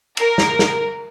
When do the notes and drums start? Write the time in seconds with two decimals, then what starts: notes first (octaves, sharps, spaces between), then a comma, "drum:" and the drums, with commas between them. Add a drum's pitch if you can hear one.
0.17 A#4, drum: cymbal
0.38 drum: snare
0.59 drum: snare